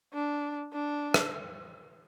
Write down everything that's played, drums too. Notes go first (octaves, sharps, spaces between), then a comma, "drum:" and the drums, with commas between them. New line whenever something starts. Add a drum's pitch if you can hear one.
D4
D4
drum: rim click